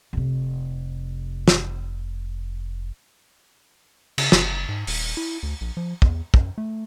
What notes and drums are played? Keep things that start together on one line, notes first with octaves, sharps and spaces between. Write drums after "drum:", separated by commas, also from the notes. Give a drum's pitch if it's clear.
F1 C3
drum: snare
C#3, drum: cymbal
F#1, drum: snare
G#2
D#1, drum: open hi-hat
E4
D2
A#1
F3
E2, drum: kick
F#2, drum: kick
A3